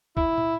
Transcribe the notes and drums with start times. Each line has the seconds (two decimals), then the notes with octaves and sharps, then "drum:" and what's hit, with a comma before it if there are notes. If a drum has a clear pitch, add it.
0.17 E4, drum: kick
0.38 drum: tom